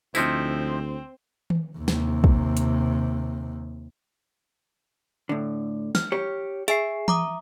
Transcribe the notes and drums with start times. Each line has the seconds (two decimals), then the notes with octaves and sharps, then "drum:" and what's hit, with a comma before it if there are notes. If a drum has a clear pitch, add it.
0.15 D2 F3 C4 D#4 E4, drum: tambourine
1.50 drum: tom D#3
1.78 D#2 C3
1.88 drum: snare
2.24 drum: kick
2.57 drum: hi-hat
5.29 A2 D3
5.95 F6, drum: snare
6.12 G4 C#5
6.68 G#4 E5 G#5 C7, drum: hi-hat
7.08 A#5 D6 D#6, drum: tom E3